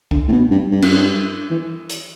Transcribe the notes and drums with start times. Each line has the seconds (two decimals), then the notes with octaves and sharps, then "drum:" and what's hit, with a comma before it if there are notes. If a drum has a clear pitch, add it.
0.11 D3, drum: kick C2
0.28 A2
0.32 B2
0.51 G2
0.72 G2
0.82 F#2, drum: cymbal
0.92 G2
1.50 E3
1.89 drum: hi-hat